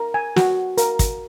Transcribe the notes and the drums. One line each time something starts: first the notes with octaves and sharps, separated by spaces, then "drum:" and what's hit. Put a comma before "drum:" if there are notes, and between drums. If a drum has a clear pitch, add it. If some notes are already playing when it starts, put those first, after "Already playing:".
Already playing: A#4
G#5
F#4, drum: snare
A#4, drum: hi-hat
drum: kick, hi-hat